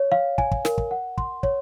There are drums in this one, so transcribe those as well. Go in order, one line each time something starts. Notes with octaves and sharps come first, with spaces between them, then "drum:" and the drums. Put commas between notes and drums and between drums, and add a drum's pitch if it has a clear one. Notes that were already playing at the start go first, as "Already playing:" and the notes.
Already playing: C#5
F5
G#5, drum: kick
drum: kick
A#4, drum: snare
drum: kick
F#5
C6, drum: kick
C#5, drum: kick